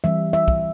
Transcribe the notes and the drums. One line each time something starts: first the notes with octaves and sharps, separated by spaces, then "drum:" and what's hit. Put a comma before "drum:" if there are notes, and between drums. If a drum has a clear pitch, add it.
E3 G3 C4 E5
E5
drum: kick